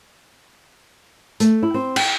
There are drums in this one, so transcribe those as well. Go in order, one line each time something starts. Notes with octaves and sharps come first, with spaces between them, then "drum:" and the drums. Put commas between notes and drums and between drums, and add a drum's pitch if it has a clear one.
A3, drum: hi-hat
E4
C4
G5, drum: cymbal